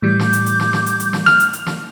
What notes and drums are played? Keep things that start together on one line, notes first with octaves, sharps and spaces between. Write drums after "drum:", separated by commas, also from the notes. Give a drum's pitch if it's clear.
A2 E3 G3 D6 G6
drum: snare
drum: hi-hat
drum: hi-hat
drum: snare
drum: snare
drum: hi-hat
drum: hi-hat
drum: snare
F6, drum: snare
drum: hi-hat
drum: hi-hat
drum: snare